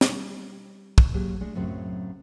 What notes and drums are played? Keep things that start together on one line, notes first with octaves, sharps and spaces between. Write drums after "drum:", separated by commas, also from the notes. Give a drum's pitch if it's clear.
G3, drum: snare
drum: kick
F#3 A#3 G4 G#4
G#3 A3 D4
F#2 A2 C#3 F#3 C4